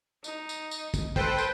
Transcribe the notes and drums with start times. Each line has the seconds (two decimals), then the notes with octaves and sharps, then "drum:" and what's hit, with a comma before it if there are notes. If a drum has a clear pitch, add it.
0.24 D#4, drum: tambourine
0.49 drum: tambourine
0.71 drum: tambourine
0.94 drum: kick, tambourine
1.16 A4 B4 C5 G5, drum: kick
1.38 drum: tambourine